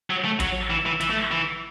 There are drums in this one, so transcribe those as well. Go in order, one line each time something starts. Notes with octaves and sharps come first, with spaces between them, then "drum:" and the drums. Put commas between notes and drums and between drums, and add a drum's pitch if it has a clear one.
F#3
A3
F#3, drum: kick A1, hi-hat
E3
E3
E3, drum: hi-hat
A3
E3